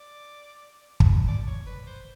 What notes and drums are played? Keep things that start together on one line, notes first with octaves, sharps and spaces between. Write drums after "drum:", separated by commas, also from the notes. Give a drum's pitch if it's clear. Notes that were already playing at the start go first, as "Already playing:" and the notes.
Already playing: D5
drum: kick
D5
C#5
B4
C5